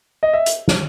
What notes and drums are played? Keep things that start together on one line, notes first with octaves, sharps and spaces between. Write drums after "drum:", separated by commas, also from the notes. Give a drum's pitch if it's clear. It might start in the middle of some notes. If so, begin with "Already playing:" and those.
D#5
E5
drum: hi-hat
drum: snare